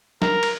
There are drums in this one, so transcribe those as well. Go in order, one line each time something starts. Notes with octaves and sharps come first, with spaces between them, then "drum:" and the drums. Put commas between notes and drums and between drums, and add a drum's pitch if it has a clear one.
A#4, drum: snare
drum: cymbal